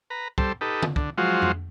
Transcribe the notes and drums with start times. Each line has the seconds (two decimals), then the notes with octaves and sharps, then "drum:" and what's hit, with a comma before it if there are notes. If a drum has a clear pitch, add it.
0.10 B4 A#5
0.38 G3 A4 C5, drum: kick
0.61 D#4 G4 A4 B4
0.83 drum: tom
0.96 D3, drum: kick
1.18 F3 F#3 G#3 F4 F#4 C5
1.42 drum: tom F2